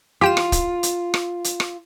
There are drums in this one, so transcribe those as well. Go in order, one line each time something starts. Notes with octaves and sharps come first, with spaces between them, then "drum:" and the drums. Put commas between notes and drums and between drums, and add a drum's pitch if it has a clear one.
F4 G4 G5 E7
drum: rim click
drum: kick, hi-hat
drum: hi-hat
drum: rim click
drum: hi-hat
drum: rim click